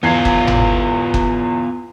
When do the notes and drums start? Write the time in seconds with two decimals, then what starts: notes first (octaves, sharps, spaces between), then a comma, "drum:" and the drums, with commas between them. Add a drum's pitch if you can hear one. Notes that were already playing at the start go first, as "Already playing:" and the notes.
0.03 E2 B3 F4 G#6 C7
0.25 drum: kick F#1
0.47 drum: tom G1
1.14 drum: kick F#1